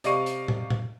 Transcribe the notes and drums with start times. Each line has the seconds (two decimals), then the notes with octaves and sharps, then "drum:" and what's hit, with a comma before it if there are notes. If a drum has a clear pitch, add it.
0.04 C3 D5 D#5 F5 C#6 D#7, drum: hi-hat
0.26 drum: hi-hat
0.48 drum: tom
0.70 drum: tom